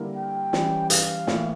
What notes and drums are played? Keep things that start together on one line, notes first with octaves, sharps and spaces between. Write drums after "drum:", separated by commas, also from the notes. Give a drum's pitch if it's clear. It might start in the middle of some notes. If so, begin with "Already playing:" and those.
Already playing: D3 G3 A#3 E4 A#4
G5
E3 G3 C#4, drum: snare
F5, drum: hi-hat
A2 E3 A#3, drum: snare